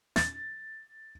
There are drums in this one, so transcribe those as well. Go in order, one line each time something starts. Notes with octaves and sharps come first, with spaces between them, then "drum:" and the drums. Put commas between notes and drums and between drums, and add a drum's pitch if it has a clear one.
A6, drum: snare